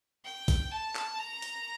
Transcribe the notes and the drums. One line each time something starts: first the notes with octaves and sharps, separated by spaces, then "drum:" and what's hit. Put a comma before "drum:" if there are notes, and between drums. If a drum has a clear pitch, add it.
G5
drum: kick A#1, hi-hat
A5
drum: clap
A#5
drum: hi-hat